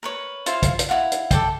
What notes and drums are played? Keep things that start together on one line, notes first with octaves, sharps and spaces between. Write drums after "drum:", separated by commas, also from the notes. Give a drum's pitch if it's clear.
A#4 B4 C#5
E4 F4 C5 F5, drum: hi-hat
drum: kick, hi-hat
drum: hi-hat
E4 F#4 F5 F#5
drum: hi-hat
A4 D5 G5, drum: kick, hi-hat